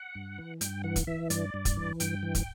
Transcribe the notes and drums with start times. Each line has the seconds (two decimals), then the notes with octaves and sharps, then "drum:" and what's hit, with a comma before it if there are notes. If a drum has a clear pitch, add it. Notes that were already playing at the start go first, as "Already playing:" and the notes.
Already playing: F#5
0.15 G2
0.38 E3
0.61 G2 G5, drum: hi-hat
0.84 E3 F#5
0.96 drum: kick, hi-hat
1.07 E3 E5
1.30 G2 D5, drum: hi-hat
1.54 G2
1.65 drum: kick, hi-hat
1.77 E3
2.00 G2 G5, drum: hi-hat
2.23 E3
2.35 drum: kick, hi-hat